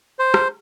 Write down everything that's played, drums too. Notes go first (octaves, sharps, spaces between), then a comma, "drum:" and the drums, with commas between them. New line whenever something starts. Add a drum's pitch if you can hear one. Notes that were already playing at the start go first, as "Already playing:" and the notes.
C5
drum: rim click